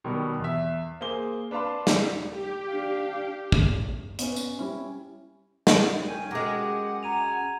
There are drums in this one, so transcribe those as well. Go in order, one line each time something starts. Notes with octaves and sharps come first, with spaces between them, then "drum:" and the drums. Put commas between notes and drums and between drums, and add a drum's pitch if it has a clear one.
B2 D#3 F#3 G3
E2 E5
A#3 G#4 C5 G7
D4 B4 F5 A5 C6
drum: snare
G4
D4 F5
drum: kick
B3 C#4, drum: hi-hat
drum: tambourine
G3 C#4 E4
drum: snare
C#4 G5 G#5 D#7
F#2 G#3 G4 F#5
G#5 A#5 D#7 F7